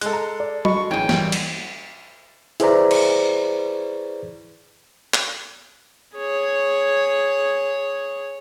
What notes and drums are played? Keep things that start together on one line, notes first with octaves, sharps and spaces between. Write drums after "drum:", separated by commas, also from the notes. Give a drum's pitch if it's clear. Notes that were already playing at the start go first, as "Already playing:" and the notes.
G#3 A4 F#6, drum: hi-hat
A#5
D5
F#4 D#5 B5 C#6, drum: tom F#3
A1 D2 G#4 G5
E3 G3, drum: snare
drum: cymbal
E4 G#4 B4 C5 D5 A#5, drum: hi-hat
drum: cymbal
drum: clap
G#4 C#5